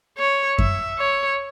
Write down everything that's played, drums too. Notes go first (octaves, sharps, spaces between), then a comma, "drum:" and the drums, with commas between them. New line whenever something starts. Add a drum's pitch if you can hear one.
C#5
E5, drum: kick F#2
C#5